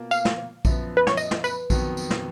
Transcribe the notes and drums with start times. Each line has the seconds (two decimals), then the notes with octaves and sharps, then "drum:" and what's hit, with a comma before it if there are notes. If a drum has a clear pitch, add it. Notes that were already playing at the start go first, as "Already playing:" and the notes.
Already playing: B2 A#3 F4 A#4
0.11 F5, drum: tambourine
0.25 drum: snare
0.65 F#2 F3 B3, drum: kick A#1, tambourine
0.97 B4
1.07 C#5, drum: snare
1.17 D#5, drum: tambourine
1.31 drum: snare
1.44 B4, drum: tambourine
1.70 F2 D#3 F#3 B3, drum: kick A#1, tambourine
1.97 drum: tambourine
2.10 drum: snare